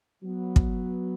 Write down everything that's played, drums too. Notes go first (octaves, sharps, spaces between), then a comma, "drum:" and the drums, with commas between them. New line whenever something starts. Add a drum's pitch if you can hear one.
F#3 B3
drum: kick